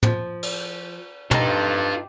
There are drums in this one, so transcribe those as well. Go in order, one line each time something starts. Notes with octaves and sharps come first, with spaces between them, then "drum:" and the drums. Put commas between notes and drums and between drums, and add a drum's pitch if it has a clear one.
F3, drum: tom
drum: cymbal
G2 D#4 F4 G4 A4 A5, drum: tom